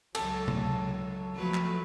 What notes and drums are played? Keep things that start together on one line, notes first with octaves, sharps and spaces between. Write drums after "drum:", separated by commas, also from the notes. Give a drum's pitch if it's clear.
C#2 F#3 A4, drum: cymbal
drum: tom
F3 F#3 A3 B4
drum: clap